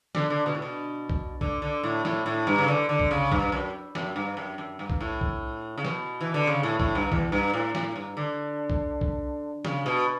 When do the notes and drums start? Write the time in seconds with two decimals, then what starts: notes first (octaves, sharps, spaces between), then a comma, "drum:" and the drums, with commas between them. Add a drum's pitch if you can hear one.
0.15 D3, drum: snare
0.30 D3
0.46 B2
0.55 A2
0.62 B2
1.10 drum: kick B1
1.41 D3, drum: kick B1
1.62 D3
1.83 A2
2.05 A2, drum: snare
2.26 A2
2.47 G2
2.58 C#3
2.68 D3
2.89 D3
3.00 drum: kick B1
3.11 C#3
3.31 G2, drum: kick B1
3.52 F#2
3.95 F#2, drum: snare
4.16 G2
4.37 F#2
4.58 F#2
4.79 G2
4.90 drum: kick B1
5.01 A2
5.21 drum: kick B1
5.78 C#3
5.85 B2, drum: snare
6.21 E3
6.34 D3
6.47 C#3
6.63 A2
6.80 A2, drum: kick B1
6.95 G2
7.12 E2, drum: kick B1
7.32 G2
7.54 A2
7.75 A2, drum: snare
7.96 G2
8.17 D3
8.70 drum: kick B1
9.01 drum: kick B1
9.65 C#3, drum: snare
9.86 B2